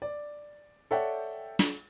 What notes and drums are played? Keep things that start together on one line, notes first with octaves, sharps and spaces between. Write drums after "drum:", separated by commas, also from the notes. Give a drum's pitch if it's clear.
D5
A4 C#5 D5 E5 F#5 G5
drum: snare